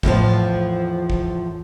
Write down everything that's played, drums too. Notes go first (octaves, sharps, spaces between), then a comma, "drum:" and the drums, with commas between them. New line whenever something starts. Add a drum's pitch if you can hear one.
E2 A2 D3 F3, drum: kick
drum: kick